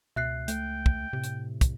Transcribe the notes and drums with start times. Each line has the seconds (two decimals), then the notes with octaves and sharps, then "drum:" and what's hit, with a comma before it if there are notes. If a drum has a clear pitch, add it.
0.16 C#2 B2 E5 F#6 C7
0.48 A3 G5, drum: hi-hat
0.86 drum: kick
1.13 A2 C3
1.24 drum: hi-hat
1.61 drum: kick, hi-hat